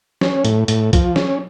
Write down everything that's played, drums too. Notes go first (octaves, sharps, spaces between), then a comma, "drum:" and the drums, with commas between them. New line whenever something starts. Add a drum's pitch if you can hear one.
C#4, drum: snare
A2, drum: hi-hat
A2, drum: hi-hat
F3, drum: kick, hi-hat
C#4, drum: snare